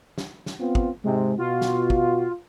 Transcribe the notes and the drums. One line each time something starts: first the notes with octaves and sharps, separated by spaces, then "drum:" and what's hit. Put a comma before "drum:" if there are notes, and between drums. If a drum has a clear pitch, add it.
drum: snare
drum: snare
B3 C4 F4
drum: kick
G#2 C3 G#3 C4
B2 F4 F#4
drum: snare
drum: kick